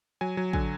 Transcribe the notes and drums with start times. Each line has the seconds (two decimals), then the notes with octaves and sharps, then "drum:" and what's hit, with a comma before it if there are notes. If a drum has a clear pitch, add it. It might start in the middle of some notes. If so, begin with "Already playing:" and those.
0.21 F#3 G#5
0.37 F#3
0.53 D3 G#5, drum: kick